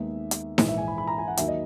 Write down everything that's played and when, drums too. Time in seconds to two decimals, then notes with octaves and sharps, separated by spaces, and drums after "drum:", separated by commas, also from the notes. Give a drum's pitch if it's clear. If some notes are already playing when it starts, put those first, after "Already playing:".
Already playing: D#2 D#3 G#3 B3 E5
0.31 drum: hi-hat
0.58 A#1 G#2 E3, drum: snare D#4
0.68 E5
0.78 G#5
0.88 B5
0.98 B5
1.07 A#5
1.18 G#5
1.28 F#5
1.37 D#2 D#3 F#3 E5, drum: hi-hat
1.48 D#5